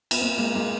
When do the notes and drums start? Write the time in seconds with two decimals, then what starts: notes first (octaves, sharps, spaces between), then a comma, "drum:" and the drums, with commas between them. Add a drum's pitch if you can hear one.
0.11 B3, drum: cymbal
0.21 A#3 C4
0.38 G#3 A#3
0.55 G#3 A#3